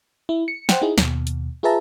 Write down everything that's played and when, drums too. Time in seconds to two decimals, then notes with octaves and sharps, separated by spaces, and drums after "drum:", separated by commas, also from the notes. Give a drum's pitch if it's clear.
0.29 E4
0.48 C#7
0.69 C5 F#5 G5, drum: snare
0.82 D#4 E4 G#4
0.98 D#2 B2, drum: snare
1.27 drum: hi-hat
1.63 F4 G#4 B4 E5 A5 A#5